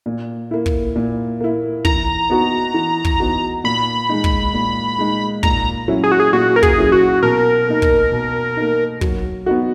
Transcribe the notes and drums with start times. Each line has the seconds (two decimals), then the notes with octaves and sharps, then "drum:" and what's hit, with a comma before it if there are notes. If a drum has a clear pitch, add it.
0.06 A#2
0.51 A#3 E4
0.66 drum: kick
0.96 A#2
1.40 A#3 E4
1.85 E3 A#5, drum: kick
2.30 B3 D#4 F#4
2.74 E3
3.04 drum: kick
3.20 B3 D#4 F#4
3.64 A#2 B5
4.09 G#3 D#4
4.24 drum: kick
4.53 A#2
4.99 G#3 D#4
5.43 A#2 A#5, drum: kick
5.88 F#3 C#4 E4
6.04 G#4
6.12 F#4
6.20 G#4
6.33 A#2 F#4
6.56 A#4
6.63 G#4, drum: kick
6.77 F#3 C#4 E4
6.92 F#4
7.23 B2 A#4
7.67 A#3 D#4
7.82 drum: kick
8.12 B2
8.57 A#3 D#4
9.01 F#3, drum: kick
9.46 B3 D#4 F#4